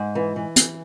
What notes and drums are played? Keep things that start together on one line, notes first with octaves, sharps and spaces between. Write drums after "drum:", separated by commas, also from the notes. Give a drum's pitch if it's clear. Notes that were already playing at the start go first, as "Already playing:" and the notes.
Already playing: G#2 G#5
E3
E3
drum: hi-hat